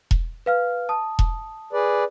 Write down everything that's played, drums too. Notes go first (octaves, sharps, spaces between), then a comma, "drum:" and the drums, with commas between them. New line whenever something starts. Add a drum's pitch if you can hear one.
drum: kick E1
B4 F5 F6
A5 D#6
drum: kick E1
G#4 B4 D5